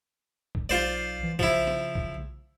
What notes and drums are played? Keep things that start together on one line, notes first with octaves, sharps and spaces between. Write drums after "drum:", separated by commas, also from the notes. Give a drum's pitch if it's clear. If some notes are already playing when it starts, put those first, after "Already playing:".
drum: kick B1
B1 F4 C5 D5
E3
C#3 F3 E4, drum: kick B1
drum: snare
drum: kick B1